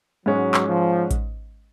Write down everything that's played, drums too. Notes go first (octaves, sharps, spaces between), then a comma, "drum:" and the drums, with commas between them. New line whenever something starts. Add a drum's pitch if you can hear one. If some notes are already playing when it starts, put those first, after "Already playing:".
G#2 F#3 G#3 C#4
drum: clap
F3
drum: kick A1, hi-hat